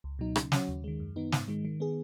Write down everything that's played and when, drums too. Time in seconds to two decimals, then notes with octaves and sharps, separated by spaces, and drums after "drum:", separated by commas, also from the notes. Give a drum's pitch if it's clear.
0.04 C#2
0.19 B2 F#3 D#4
0.36 C#3, drum: rim click
0.52 F#3 C#4 F#4, drum: snare
0.68 D#2
0.84 D#3 G#3
1.00 F#2
1.16 D#3 B3 D#4
1.32 G#2, drum: snare
1.48 D#3 G#3
1.65 D#3
1.80 B3 G#4